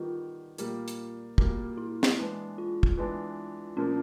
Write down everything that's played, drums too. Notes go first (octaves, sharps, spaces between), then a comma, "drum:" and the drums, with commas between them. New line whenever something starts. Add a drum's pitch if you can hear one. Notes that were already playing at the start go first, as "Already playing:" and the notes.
Already playing: D#3 G3 B3 F4
A#2 G3 A#3, drum: hi-hat
drum: hi-hat
A#2 G3 A#3 F#4, drum: kick
E4
drum: snare
E3 G#3 B3 D4
F4
drum: kick
E3 G#3 B3 D4
A#2 F3 A#3 C#4 D4